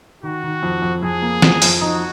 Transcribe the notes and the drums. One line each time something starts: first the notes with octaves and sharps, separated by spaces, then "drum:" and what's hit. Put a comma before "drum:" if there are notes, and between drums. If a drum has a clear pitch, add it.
D#3 F#4
D#3
F2
F2
F2 G#4
A#3
F2, drum: snare
F2, drum: open hi-hat
D#4 F#4